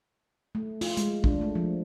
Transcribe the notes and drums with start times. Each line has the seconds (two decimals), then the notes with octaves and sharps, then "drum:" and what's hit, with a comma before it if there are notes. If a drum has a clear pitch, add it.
0.55 A3
0.81 F4, drum: open hi-hat
0.97 G#3, drum: hi-hat
1.24 D4, drum: kick
1.41 A3
1.55 F3